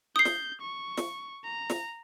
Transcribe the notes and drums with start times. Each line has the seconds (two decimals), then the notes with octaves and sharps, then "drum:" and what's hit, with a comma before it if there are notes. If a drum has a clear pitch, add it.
0.16 D#6 G6 C7
0.25 drum: snare
0.61 C#6
0.97 drum: snare
1.44 A#5
1.70 drum: snare